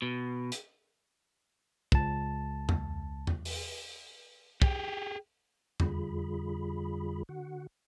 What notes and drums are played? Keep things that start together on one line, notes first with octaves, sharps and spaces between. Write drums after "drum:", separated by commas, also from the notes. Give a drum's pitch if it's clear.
B2
drum: hi-hat
C#2 A5, drum: kick
drum: tom E2
drum: tom E2
drum: open hi-hat
G4 G#4 G5, drum: kick
F2 D3 G3 F4 G#4 B5, drum: tom E2
D3 F#4 F#5